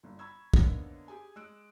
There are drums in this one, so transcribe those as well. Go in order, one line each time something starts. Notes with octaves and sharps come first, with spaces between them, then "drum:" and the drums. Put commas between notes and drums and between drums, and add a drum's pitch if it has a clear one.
G1 A#2
A#5 B5 C#6 E6 G#6
D3 A#3 B3 D4 D#4 C#5, drum: kick
G4 G#4 G#5
G#3 E6 F#6 D7